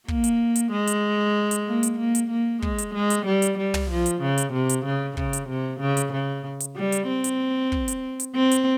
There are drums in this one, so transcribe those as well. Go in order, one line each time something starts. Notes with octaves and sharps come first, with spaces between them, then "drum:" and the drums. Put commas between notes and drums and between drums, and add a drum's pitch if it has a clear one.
A#3, drum: kick
drum: hi-hat
drum: hi-hat
G#3
drum: hi-hat
drum: hi-hat
A#3
drum: hi-hat
A#3
drum: hi-hat
A#3
G#3, drum: kick
drum: hi-hat
G#3
drum: hi-hat
G3
drum: hi-hat
G3
drum: tom
F3
drum: hi-hat
C#3
drum: hi-hat
C3
drum: hi-hat
C#3
C#3, drum: kick
drum: hi-hat
C3
C#3
drum: hi-hat
C#3
drum: hi-hat
G3
drum: hi-hat
C4
drum: hi-hat
drum: kick
drum: hi-hat
drum: hi-hat
C4
drum: hi-hat